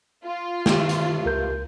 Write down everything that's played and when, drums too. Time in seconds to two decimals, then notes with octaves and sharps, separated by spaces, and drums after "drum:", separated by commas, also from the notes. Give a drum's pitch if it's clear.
0.25 F4
0.66 G2 C3 D#3 A3, drum: snare
0.89 drum: hi-hat
1.25 C#2 A#4 G6